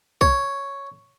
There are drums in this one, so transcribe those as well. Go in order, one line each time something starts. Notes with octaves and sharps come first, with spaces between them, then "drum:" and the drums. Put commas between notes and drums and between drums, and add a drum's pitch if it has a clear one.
C#5, drum: kick